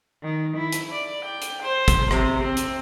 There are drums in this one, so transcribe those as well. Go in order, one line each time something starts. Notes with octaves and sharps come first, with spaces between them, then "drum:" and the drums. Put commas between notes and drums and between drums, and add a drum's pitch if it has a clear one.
D#3
E4
drum: hi-hat
D5
G5
drum: hi-hat
C5
drum: kick G#1, hi-hat
C3, drum: rim click
C4
drum: hi-hat